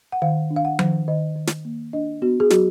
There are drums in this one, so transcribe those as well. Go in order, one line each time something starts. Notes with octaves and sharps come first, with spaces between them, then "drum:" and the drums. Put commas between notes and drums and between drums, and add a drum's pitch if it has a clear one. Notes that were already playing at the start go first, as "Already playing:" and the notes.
F#5
D#3 F5
D4
F5
F#5
D#3, drum: tom F3
D#3 D#5
D#3
drum: snare
A#3
D4 D#5
B3 F#4
G#4
F#3 F#4, drum: snare